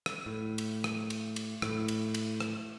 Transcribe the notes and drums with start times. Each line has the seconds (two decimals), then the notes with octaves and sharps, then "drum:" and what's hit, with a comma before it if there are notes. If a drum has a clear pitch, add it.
0.06 drum: rim click
0.26 A2
0.58 drum: cymbal
0.84 drum: rim click
1.10 drum: cymbal
1.36 drum: cymbal
1.62 A2, drum: rim click
1.88 drum: cymbal
2.14 drum: cymbal
2.41 drum: rim click